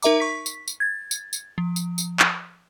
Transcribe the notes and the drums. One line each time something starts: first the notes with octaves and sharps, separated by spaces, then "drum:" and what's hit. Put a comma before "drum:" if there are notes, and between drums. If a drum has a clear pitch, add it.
D#4 A#4 E5 A#5 D6, drum: tambourine
C#6 B6
drum: tambourine
drum: tambourine
G#6 A6
drum: tambourine
drum: tambourine
F3
drum: tambourine
drum: tambourine
drum: clap